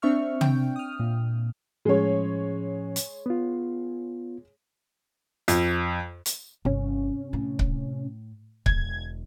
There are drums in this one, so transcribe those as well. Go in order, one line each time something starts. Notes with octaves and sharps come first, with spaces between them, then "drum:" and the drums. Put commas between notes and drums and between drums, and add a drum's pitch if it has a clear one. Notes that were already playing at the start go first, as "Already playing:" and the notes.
C4 D4 E5 C#6 F6
G5, drum: tom
D#6 F6
A#2
A2 F3 G#3 C#4 C#5
drum: hi-hat
B3 F4
F2, drum: hi-hat
drum: hi-hat
G1 C3 C#4
A2
drum: kick C#1
E1 D3 G#6, drum: kick C#1